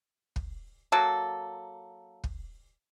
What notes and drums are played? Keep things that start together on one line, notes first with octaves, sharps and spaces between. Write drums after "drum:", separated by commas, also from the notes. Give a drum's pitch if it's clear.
drum: kick
F#3 A#3 A4
drum: kick